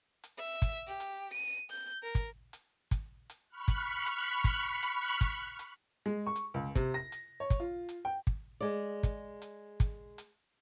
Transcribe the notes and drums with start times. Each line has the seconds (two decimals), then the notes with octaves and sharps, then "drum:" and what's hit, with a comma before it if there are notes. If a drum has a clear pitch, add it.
0.24 drum: hi-hat
0.38 E5
0.62 drum: kick, hi-hat
0.88 G4
1.00 drum: hi-hat
1.33 D#7
1.70 G6
2.03 A#4
2.15 drum: kick, hi-hat
2.53 drum: hi-hat
2.91 drum: kick, hi-hat
3.30 drum: hi-hat
3.49 B5 C#6 F6 F#6
3.68 drum: kick, hi-hat
4.06 drum: hi-hat
4.44 drum: kick, hi-hat
4.83 drum: hi-hat
5.21 drum: kick, hi-hat
5.59 drum: hi-hat
6.06 G#3
6.27 C#6
6.36 drum: hi-hat
6.54 C#2
6.76 C3, drum: kick, hi-hat
6.94 A#6
7.12 drum: hi-hat
7.40 C#5
7.50 drum: kick, hi-hat
7.60 F4
7.89 drum: hi-hat
8.05 G5
8.27 drum: kick
8.60 G#3 D5
9.03 drum: kick, hi-hat
9.42 drum: hi-hat
9.80 drum: kick, hi-hat
10.18 drum: hi-hat